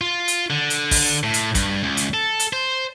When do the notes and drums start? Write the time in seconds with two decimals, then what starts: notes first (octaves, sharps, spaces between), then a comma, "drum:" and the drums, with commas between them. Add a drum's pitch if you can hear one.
0.01 F4
0.28 drum: hi-hat
0.50 D3
0.70 drum: hi-hat
0.91 drum: kick, open hi-hat
1.23 A2
1.34 drum: hi-hat
1.55 G2, drum: kick, hi-hat
1.83 C#2
1.97 drum: hi-hat
2.14 A4
2.40 drum: hi-hat
2.53 C5